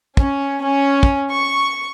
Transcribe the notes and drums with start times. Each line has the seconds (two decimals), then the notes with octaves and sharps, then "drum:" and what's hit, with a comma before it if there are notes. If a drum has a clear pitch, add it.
0.17 C#4, drum: kick
0.62 C#4
1.03 drum: kick
1.31 C#6